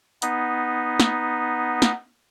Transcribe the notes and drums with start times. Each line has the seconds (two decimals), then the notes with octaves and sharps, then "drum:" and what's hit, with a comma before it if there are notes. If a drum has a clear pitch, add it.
0.22 B3 D#4, drum: hi-hat
1.00 drum: snare
1.82 drum: snare